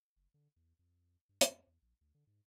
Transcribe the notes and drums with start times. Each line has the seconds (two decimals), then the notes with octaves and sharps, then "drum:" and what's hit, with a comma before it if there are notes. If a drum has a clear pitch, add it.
0.16 F#1
0.34 D3
0.56 E2
0.79 F2
1.29 G2
1.41 F2, drum: hi-hat
1.67 E2
1.82 A#1
2.01 D2
2.15 D3
2.27 G#2